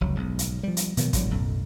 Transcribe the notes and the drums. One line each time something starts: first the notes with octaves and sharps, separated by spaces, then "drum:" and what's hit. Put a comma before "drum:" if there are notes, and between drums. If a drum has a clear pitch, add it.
F1 C#2 F#3
B1 G#2
drum: hi-hat
F3 G3
drum: hi-hat
B2 D#3 F3 F#3, drum: hi-hat
A#1 A2 F#3 G3, drum: kick, hi-hat
B1 F#2 A2